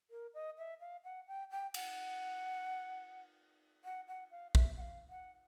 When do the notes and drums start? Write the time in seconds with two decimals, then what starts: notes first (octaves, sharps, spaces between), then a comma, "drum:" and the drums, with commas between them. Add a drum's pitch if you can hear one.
0.11 A#4
0.34 D#5
0.58 E5
0.80 F5
1.04 F#5
1.28 G5
1.51 G5
1.74 F#5, drum: cymbal
3.85 F#5
4.08 F#5
4.31 F5
4.55 E5, drum: kick
4.77 F#5
4.81 F5
5.09 F#5